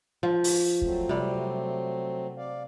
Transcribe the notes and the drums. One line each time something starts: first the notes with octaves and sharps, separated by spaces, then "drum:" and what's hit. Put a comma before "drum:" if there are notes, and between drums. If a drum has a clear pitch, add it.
F3
drum: open hi-hat
F#3 A3 C4, drum: kick
C3 G3
D5 F5